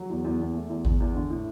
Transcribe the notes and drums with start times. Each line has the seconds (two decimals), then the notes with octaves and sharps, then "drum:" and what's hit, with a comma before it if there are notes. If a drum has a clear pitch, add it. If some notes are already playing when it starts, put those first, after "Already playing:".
Already playing: F#3
0.10 E2
0.24 E2
0.39 E2
0.54 A3
0.69 E2
0.85 E2, drum: kick G#1
1.00 E2
1.14 D3
1.30 A2